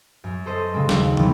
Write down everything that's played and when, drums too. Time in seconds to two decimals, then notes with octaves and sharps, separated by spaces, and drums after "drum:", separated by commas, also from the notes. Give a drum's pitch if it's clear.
0.24 F#2
0.46 A4 C5 D#5
0.74 C#3 G#3 C4
0.89 D#2, drum: snare
1.17 C3 E3 F#3 G3 B3 C4, drum: tom